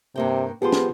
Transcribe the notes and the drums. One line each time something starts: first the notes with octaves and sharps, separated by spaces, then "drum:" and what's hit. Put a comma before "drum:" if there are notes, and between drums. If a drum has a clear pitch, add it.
G2 C3 A#3 G5
F3 B3 F4 G4 G#4 C5 C6
drum: snare